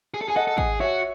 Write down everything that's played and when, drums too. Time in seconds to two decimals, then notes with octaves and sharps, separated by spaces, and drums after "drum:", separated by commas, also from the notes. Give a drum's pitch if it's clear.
0.14 G#4
0.21 A4
0.28 G#4 G#5
0.36 A4 D#5 F#5
0.47 A4
0.58 G#4, drum: kick
0.80 F#4 C#5 E5